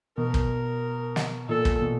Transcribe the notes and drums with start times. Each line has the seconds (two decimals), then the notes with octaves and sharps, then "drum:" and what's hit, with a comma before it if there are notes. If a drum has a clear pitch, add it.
0.17 B2 A#4
0.34 drum: kick
1.16 drum: snare
1.49 A#2 A4
1.65 drum: kick
1.81 B2